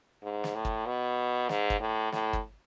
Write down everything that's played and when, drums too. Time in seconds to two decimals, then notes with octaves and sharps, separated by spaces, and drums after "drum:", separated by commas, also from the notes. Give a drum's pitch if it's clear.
0.23 G#2
0.44 drum: snare
0.55 A2
0.65 drum: kick
0.86 B2
1.49 G#2, drum: snare
1.70 drum: kick
1.80 A2
2.12 A2, drum: snare
2.33 drum: kick